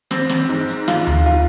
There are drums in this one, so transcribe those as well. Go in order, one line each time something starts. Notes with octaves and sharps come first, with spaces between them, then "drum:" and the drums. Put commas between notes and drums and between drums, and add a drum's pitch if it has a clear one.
C4, drum: snare
drum: snare
G#2
drum: hi-hat
F4, drum: snare
drum: tom D2
F4